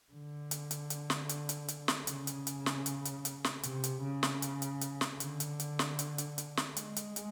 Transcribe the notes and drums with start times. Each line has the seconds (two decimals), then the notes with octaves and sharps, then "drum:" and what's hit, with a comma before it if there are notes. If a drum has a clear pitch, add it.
0.13 D3
0.51 drum: hi-hat
0.71 drum: hi-hat
0.90 drum: hi-hat
1.10 drum: snare
1.29 drum: hi-hat
1.49 drum: hi-hat
1.68 drum: hi-hat
1.88 drum: snare
2.07 C#3, drum: hi-hat
2.27 drum: hi-hat
2.47 drum: hi-hat
2.66 drum: snare
2.86 drum: hi-hat
3.05 drum: hi-hat
3.25 drum: hi-hat
3.44 drum: snare
3.63 C3, drum: hi-hat
3.84 drum: hi-hat
4.03 C#3
4.23 drum: snare
4.42 drum: hi-hat
4.62 drum: hi-hat
4.81 drum: hi-hat
5.01 drum: snare
5.20 D3, drum: hi-hat
5.40 drum: hi-hat
5.60 drum: hi-hat
5.79 drum: snare
5.99 drum: hi-hat
6.18 drum: hi-hat
6.38 drum: hi-hat
6.57 drum: snare
6.76 G#3, drum: hi-hat
6.96 drum: hi-hat
7.16 drum: hi-hat